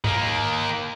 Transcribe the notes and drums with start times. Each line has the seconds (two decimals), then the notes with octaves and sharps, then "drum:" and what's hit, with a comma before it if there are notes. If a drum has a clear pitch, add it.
0.04 D#3 A#3, drum: tom